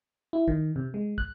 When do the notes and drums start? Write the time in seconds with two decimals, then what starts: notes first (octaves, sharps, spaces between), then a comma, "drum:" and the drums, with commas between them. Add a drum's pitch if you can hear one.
0.33 E4
0.48 D#3, drum: kick
0.76 C3
0.94 G#3
1.18 F#6, drum: kick